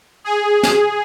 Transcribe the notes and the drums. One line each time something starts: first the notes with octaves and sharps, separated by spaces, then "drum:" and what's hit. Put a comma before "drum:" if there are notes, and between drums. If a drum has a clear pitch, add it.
G#4
drum: snare